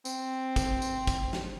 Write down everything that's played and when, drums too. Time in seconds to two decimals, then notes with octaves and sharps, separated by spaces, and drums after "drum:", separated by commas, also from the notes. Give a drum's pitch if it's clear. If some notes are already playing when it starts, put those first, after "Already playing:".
0.05 C4, drum: tambourine
0.56 drum: kick, tambourine
0.82 drum: tambourine
1.07 drum: kick, tambourine
1.33 drum: snare